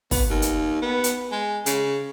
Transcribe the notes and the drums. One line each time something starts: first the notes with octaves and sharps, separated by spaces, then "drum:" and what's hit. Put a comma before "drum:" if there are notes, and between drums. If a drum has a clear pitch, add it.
B3, drum: kick, open hi-hat
D#2
drum: hi-hat
B3
drum: hi-hat
G#3
C#3, drum: hi-hat